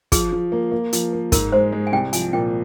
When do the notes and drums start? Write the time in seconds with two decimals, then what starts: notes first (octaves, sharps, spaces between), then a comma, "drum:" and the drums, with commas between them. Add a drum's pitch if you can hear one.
0.12 F3 G#4, drum: kick, hi-hat
0.32 F3
0.52 A#3
0.72 A#3
0.93 F3, drum: hi-hat
1.13 A#3
1.32 G#2 A#4, drum: kick, hi-hat
1.52 G#3 C5
1.72 G#3
1.87 G#5
1.92 C2 G5
2.13 F3 G#5, drum: hi-hat
2.33 A#2 G5